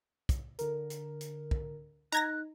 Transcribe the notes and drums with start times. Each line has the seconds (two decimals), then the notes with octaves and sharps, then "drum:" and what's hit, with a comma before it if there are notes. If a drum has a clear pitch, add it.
0.29 drum: kick, hi-hat
0.59 D3 A#4, drum: hi-hat
0.90 drum: hi-hat
1.21 drum: hi-hat
1.51 drum: kick
2.12 D#4 A#5 F#6 G#6 A#6, drum: hi-hat